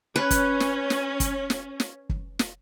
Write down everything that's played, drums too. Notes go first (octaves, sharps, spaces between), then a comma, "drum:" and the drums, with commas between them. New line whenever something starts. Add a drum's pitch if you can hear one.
C#4 B4
drum: kick, hi-hat
drum: snare
drum: snare
drum: kick, hi-hat
drum: snare
drum: snare
drum: kick
drum: snare